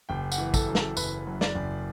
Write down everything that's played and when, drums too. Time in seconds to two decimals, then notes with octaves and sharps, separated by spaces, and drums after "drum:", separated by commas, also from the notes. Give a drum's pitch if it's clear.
0.09 F#1 G5
0.32 F#5, drum: tambourine
0.38 E3
0.54 A4, drum: kick, tambourine
0.68 F#2
0.75 A4, drum: snare
0.97 F#1 B4, drum: tambourine
1.27 F#2
1.41 D5, drum: snare
1.55 F#1